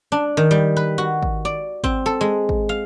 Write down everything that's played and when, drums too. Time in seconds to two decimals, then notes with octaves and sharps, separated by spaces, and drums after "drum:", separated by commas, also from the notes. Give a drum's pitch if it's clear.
0.12 D4
0.37 D#3
0.51 G3
0.77 B4
0.98 F#4
1.23 drum: kick G#1
1.45 D5
1.84 C4, drum: kick G#1
2.06 A4
2.21 G#3
2.49 drum: kick G#1
2.69 F5